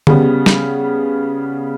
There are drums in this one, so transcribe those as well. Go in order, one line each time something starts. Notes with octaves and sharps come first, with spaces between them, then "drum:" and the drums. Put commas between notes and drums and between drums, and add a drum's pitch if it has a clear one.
C#3 G3 B3, drum: tom D3
drum: snare